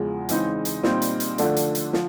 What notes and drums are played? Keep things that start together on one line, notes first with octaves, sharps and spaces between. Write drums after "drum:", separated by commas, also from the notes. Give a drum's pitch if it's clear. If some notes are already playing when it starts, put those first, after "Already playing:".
Already playing: E2 C#3 F3 G#3
C#3 E3 G#3 C4 D#4, drum: hi-hat
drum: hi-hat
A#2 G3 C4 D#4, drum: snare
drum: hi-hat
drum: hi-hat
D3 F3 A3 D4, drum: hi-hat
drum: hi-hat
drum: hi-hat
F3, drum: snare